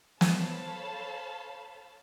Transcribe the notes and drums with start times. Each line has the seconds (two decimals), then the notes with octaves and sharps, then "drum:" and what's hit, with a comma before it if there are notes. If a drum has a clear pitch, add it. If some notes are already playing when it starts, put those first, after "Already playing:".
0.21 A4 C5 C#5 F5 A5 B5, drum: snare